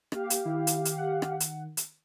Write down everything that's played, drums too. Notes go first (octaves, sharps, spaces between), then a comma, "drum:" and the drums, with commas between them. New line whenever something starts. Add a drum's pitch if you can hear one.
A#3 G4 F5, drum: rim click
drum: hi-hat
D#3 E4
drum: hi-hat
drum: hi-hat
F#5
drum: rim click
drum: hi-hat
drum: hi-hat